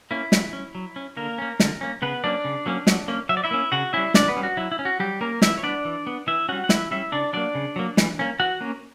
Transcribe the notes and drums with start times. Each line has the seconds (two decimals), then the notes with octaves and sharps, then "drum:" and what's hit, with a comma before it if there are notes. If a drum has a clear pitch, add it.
0.11 A#3 C#4 E4
0.32 F#3, drum: snare
0.53 C#4
0.75 F#3
0.96 C#4
1.17 D3 A#3 A#4
1.38 A#3 C#4
1.60 D3, drum: snare
1.81 A#3 C#4
2.02 C#3 B3 B4
2.24 F#3 A#3 C#4 D4 D5
2.45 C#3
2.66 F#3 A#3 C#4
2.87 F#3, drum: snare
3.08 A#3 C#4
3.29 F#3 E5
3.37 D5
3.44 E4 E5
3.51 A#3 C#4
3.72 C#3 F#4 F#5
3.93 G3 C#4 E4 E5
4.14 C#3 D4 D5, drum: snare
4.28 B3 B4
4.37 G3 C#4
4.43 F#4
4.57 F#3 E4
4.72 E4
4.79 C#4
4.85 F#4
5.00 F#3 G3 G4
5.21 A#3 C#4 A#4
5.42 E3 E4 E5, drum: snare
5.58 C#5
5.63 B3 D4 D5
5.85 E3
6.07 B3
6.27 E3 E4 E5
6.49 G3 C#4 F#4 F#5
6.64 F#5
6.69 E3 E4 E5, drum: snare
6.91 G3 C#4 E4 E5
7.12 C#3 D4 D5
7.33 F#3 A#3 D4 D5
7.55 C#3
7.76 F#3 A#3
7.97 E3, drum: snare
8.19 A#3 C#4
8.39 E3 F#4 F#5
8.61 A#3 C#4